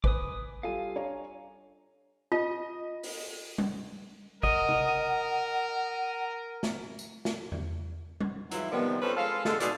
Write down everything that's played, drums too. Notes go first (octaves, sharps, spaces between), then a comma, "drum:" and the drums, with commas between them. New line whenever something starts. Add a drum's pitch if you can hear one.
B4 G#5 D6 D#6, drum: kick
G3 F4 A4 F5 G#5
D4 C#5 A#5
F4 D#5
drum: open hi-hat
drum: tom G3
A#4 D#5 F#5, drum: kick
drum: tom C3
drum: snare
drum: tambourine
drum: snare
drum: tom E2
drum: tom G3
G#2 E3 F#3 E4 F4, drum: hi-hat
C3 D#3 F3 G3 B3
F2 C#4 A4 B4 C5
G#3 F4 A4 F5
D3 G#3 F4 A4, drum: snare
G#2 B2 G#4 D5, drum: hi-hat